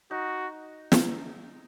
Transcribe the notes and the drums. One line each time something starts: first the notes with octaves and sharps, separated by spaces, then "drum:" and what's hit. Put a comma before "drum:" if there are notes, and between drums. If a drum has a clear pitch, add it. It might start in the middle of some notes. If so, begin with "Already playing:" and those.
D#4 F#4
drum: snare